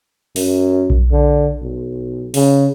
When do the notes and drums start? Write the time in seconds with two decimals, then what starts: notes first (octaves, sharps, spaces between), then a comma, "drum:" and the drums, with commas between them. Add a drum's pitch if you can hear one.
0.36 F#2, drum: open hi-hat
0.90 drum: kick B1
1.12 D3
1.62 B1
2.34 C#3, drum: open hi-hat